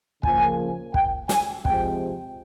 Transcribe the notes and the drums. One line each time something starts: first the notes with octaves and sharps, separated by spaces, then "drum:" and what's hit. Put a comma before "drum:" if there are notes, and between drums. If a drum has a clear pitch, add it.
C#3 F3 A#3 G#5, drum: kick
G5, drum: kick
G#5, drum: snare
C3 F3 G#3 C4 G5, drum: kick